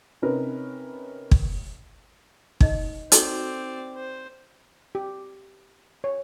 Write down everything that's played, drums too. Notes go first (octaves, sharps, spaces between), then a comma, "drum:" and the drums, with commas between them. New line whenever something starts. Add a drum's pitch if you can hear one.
C3 C#4 D#4 A#4 B4
drum: kick
D#4 D#5, drum: kick
C4 D#4 F#4 A4 D5, drum: hi-hat
C5
G4
C#5